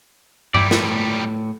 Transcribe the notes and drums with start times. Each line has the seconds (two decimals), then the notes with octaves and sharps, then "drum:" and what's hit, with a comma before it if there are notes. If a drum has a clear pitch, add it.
0.55 A#2 G3 E4 G4 D5, drum: tom G2
0.71 A2, drum: snare